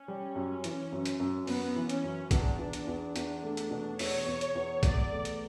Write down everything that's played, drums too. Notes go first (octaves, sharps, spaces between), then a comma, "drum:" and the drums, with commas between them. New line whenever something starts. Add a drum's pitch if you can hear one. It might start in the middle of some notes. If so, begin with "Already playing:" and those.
Already playing: C#4
G3
F#2
E3, drum: hi-hat
F#2
drum: hi-hat
F#2
F#2 B3, drum: open hi-hat
E3
C#4, drum: hi-hat
F#2
E2 D4, drum: kick, hi-hat
E2
drum: hi-hat
E2
E2 D4, drum: hi-hat
A3
drum: hi-hat
B2
E2 C#5, drum: open hi-hat
E2
drum: hi-hat
E2
E2 D5, drum: kick, hi-hat
A3
drum: hi-hat